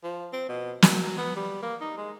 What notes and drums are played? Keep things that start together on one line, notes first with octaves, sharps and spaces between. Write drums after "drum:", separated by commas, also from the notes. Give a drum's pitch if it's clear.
F3
C4
B2
F#3, drum: snare
B3
G3
A#3
D#4
G#3